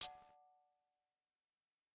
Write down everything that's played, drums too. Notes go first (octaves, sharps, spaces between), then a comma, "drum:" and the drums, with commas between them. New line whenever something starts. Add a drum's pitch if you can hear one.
D5 F#5 A5 D6, drum: hi-hat